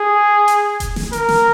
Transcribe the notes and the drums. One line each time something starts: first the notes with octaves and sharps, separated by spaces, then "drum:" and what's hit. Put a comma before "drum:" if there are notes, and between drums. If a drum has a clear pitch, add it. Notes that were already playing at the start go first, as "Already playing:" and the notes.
Already playing: G#4
drum: hi-hat
drum: kick E1, hi-hat
drum: snare
A#4, drum: hi-hat
drum: snare